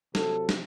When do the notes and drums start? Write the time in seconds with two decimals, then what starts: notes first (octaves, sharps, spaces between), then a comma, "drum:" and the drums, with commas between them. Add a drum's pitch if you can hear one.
0.15 C3 F#3 A4, drum: snare
0.49 drum: snare